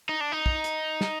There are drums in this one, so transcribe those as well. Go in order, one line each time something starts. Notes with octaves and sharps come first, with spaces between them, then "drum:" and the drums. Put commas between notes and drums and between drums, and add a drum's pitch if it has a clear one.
D#4
D4
D#4
drum: kick
drum: hi-hat
drum: snare